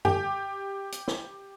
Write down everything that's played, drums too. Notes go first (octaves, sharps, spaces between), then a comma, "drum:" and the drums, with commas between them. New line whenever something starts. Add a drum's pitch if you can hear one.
G4, drum: tom F#2
drum: hi-hat
drum: snare